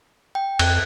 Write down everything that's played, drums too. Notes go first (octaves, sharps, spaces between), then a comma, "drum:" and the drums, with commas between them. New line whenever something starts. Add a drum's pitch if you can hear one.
G5
F2 F#6, drum: cymbal